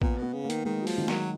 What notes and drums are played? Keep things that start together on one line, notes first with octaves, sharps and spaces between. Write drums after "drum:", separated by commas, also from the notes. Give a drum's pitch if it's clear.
A#2 B3, drum: kick
B2 B3
C#3
A#3
D#3, drum: hi-hat
D#3 G#3
F#3
F3, drum: open hi-hat
D#3
F#3, drum: snare